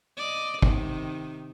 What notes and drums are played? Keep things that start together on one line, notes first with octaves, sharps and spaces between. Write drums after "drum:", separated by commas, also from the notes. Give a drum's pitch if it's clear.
D5 D#5
C3 D#3, drum: kick